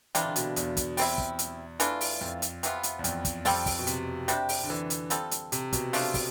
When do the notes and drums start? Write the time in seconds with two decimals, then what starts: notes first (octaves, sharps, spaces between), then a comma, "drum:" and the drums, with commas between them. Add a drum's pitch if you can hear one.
0.15 C3 E3 G3 D4 F4, drum: hi-hat
0.25 D3
0.36 B2, drum: hi-hat
0.56 E2, drum: hi-hat
0.77 drum: kick, hi-hat
0.97 G3 C4 E4, drum: open hi-hat
1.18 drum: kick
1.39 drum: hi-hat
1.80 E3 A3 D4 F4, drum: hi-hat
2.01 drum: open hi-hat
2.21 F2
2.42 drum: hi-hat
2.63 C3 E3 B3 F4, drum: hi-hat
2.83 drum: hi-hat
2.99 E2
3.04 F2, drum: hi-hat
3.25 drum: kick, hi-hat
3.45 F2 G3 C4 F4 A4, drum: open hi-hat
3.66 drum: kick, open hi-hat
3.79 B2
3.87 C3, drum: hi-hat
4.28 C3 G3 D4 G4, drum: hi-hat
4.49 drum: open hi-hat
4.64 D3
4.70 E3
4.90 drum: hi-hat
5.10 G3 C4 F4 A4, drum: hi-hat
5.31 drum: hi-hat
5.52 C3, drum: hi-hat
5.73 B2, drum: kick, hi-hat
5.93 F3 A3 D4 F4, drum: open hi-hat
6.14 drum: kick, open hi-hat